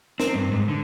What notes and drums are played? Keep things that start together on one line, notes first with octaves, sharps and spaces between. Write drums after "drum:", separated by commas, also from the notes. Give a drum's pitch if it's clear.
C4, drum: snare
G2
G#2
D3